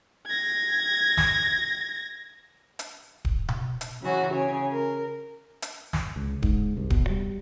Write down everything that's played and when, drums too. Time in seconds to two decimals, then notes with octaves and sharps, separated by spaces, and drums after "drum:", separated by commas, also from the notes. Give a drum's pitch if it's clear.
0.27 G#6 A#6
1.17 drum: snare
2.79 drum: hi-hat
3.25 drum: kick D1
3.48 drum: tom B2
3.81 drum: hi-hat
4.01 C#3 E3 F#3 C#4 F#4
4.32 C#3 C#5 G#5
4.72 A#4
5.62 drum: hi-hat
5.93 drum: snare
6.16 C#2
6.43 G#2, drum: kick D1
6.77 C2
6.90 B2, drum: kick D1
7.09 G3